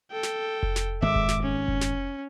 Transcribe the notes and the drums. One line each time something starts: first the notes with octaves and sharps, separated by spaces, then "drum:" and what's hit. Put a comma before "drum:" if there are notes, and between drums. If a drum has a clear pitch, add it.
A4 G5
drum: snare
drum: kick F1
drum: snare
G#1 G#3 E5 D6
drum: kick F1
drum: snare
C#4
drum: kick F1
drum: snare